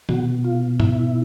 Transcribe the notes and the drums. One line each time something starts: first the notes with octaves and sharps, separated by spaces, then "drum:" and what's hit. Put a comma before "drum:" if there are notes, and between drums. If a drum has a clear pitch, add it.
B2 F#4, drum: tom
F4
E4, drum: tom